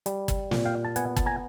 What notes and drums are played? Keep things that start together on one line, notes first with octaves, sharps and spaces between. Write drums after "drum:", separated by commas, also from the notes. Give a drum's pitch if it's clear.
G3, drum: hi-hat
drum: kick, hi-hat
A#2, drum: snare
F5 G5
A5
B3 F#5 G#5, drum: hi-hat
A5, drum: kick, hi-hat
G#5 A#5